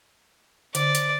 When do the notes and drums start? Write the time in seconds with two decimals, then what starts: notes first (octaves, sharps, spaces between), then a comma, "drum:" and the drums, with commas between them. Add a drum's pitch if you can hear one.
0.75 D3 D5, drum: hi-hat
0.95 drum: hi-hat